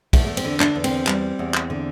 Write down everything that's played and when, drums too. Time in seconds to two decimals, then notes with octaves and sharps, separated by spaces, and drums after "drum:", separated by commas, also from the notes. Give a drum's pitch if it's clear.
0.13 E2 A3, drum: kick, cymbal
0.27 A3
0.37 C4, drum: cymbal
0.44 D3
0.60 D4, drum: clap
0.75 E2
0.84 C4, drum: cymbal
1.07 G3, drum: clap
1.39 E2
1.54 drum: clap
1.70 D3